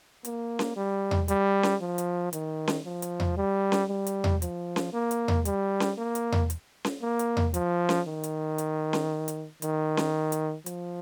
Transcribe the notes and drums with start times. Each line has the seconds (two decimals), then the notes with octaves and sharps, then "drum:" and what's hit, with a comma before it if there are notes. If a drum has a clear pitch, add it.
0.25 A#3, drum: hi-hat
0.59 drum: snare C#4
0.76 G3
1.11 drum: tom E2
1.28 G3, drum: hi-hat
1.63 drum: snare C#4
1.81 F3
1.98 drum: hi-hat
2.33 D#3, drum: hi-hat
2.68 drum: snare C#4
2.85 F3
3.02 drum: hi-hat
3.20 drum: tom E2
3.37 G3
3.72 drum: snare C#4
3.89 G3
4.07 drum: hi-hat
4.24 drum: tom E2
4.42 F3, drum: hi-hat
4.76 drum: snare C#4
4.93 A#3
5.11 drum: hi-hat
5.28 drum: tom E2
5.45 G3, drum: hi-hat
5.80 drum: snare C#4
5.98 A#3
6.15 drum: hi-hat
6.32 drum: tom E2
6.50 drum: hi-hat
6.85 drum: snare C#4
7.02 A#3
7.19 drum: hi-hat
7.37 drum: tom E2
7.54 F3, drum: hi-hat
7.89 drum: snare C#4
8.07 D#3
8.24 drum: hi-hat
8.58 drum: hi-hat
8.93 drum: snare C#4
9.28 drum: hi-hat
9.62 D#3, drum: hi-hat
9.97 drum: snare C#4
10.32 drum: hi-hat
10.66 F3, drum: hi-hat